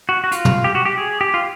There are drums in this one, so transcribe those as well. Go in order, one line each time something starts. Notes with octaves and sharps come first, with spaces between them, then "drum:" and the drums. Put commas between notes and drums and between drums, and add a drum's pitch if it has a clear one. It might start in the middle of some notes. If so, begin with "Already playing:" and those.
F#4
F#4
F4, drum: hi-hat
drum: tom
G4
F#4
G4
G#4
G4
F4